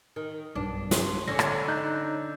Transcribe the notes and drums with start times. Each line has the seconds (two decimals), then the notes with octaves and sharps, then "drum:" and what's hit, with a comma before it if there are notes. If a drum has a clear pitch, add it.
0.16 D#3
0.55 B1 G2 D4
0.91 C6, drum: snare
1.28 D3 C#4 C#5 A#6
1.39 drum: rim click
1.68 D#4 F#6 G6